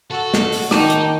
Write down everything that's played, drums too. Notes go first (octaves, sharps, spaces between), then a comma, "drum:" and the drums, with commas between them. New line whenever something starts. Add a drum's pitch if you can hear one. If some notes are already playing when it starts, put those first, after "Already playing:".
F#4 A4
drum: snare
drum: open hi-hat
D#3 D#4 G5 A5 D6, drum: snare
drum: hi-hat